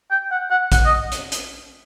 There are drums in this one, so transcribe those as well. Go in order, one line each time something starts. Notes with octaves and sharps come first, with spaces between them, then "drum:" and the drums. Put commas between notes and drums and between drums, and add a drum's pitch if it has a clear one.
G5
F#5
F#5
F#5, drum: kick A#1, hi-hat
D#5
drum: hi-hat
drum: hi-hat